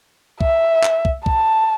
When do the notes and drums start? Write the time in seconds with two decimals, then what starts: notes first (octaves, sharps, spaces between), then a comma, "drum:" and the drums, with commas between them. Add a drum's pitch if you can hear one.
0.41 E5, drum: kick
0.83 drum: clap
1.05 drum: kick
1.26 A5, drum: kick